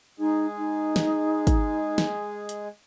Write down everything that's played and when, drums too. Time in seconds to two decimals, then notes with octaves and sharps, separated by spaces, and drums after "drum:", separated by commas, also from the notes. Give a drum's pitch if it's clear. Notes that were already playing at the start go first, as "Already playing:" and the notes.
0.19 G#3 D#4 G#4
0.58 D#4
0.96 drum: snare
1.47 drum: kick, hi-hat
1.98 drum: snare
2.49 drum: hi-hat